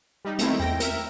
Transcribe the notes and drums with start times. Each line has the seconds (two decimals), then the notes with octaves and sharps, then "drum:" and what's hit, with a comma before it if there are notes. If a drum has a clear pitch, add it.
0.25 G3 D#4
0.39 D#3 A3 C4 E4, drum: hi-hat
0.59 E2 G5 A#6 D7
0.80 A#4 E5, drum: hi-hat